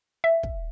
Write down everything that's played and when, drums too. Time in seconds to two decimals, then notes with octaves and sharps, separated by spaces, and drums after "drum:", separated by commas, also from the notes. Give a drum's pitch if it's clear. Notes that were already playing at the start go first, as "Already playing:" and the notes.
0.24 E5
0.43 drum: kick